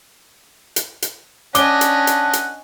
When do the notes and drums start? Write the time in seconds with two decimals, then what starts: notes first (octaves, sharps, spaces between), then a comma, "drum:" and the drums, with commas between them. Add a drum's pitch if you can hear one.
0.76 drum: hi-hat
1.02 drum: hi-hat
1.55 C#4 D4 D#5 F#5 D6 G7, drum: hi-hat
1.81 drum: hi-hat
2.07 drum: hi-hat
2.33 drum: hi-hat